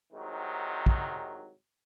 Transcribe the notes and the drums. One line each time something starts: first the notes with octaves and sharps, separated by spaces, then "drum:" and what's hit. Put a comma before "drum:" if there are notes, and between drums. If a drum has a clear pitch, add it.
C2 G#2 D#3 F#3
drum: kick